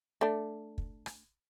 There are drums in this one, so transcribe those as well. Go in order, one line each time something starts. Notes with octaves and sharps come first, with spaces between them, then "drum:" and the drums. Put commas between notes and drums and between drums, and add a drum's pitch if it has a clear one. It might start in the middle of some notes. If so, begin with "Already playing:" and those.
A3 D4
drum: kick
drum: rim click